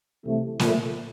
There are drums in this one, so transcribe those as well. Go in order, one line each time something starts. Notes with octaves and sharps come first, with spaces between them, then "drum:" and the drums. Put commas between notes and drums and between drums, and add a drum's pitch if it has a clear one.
C2 C3 E3 A3
A#2 F3 A3, drum: snare